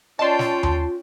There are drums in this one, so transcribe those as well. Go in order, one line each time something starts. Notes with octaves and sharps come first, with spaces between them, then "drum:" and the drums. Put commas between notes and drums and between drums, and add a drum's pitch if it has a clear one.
C#4 F4 D5 D#5 G5 A5 C6
drum: snare
drum: tom D#2